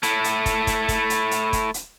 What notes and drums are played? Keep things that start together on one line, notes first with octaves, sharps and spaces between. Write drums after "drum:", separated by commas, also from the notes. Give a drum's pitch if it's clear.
A3 E4, drum: hi-hat
drum: hi-hat
drum: kick, hi-hat
drum: kick, hi-hat
drum: kick, hi-hat
drum: hi-hat
drum: hi-hat
drum: kick, hi-hat
drum: hi-hat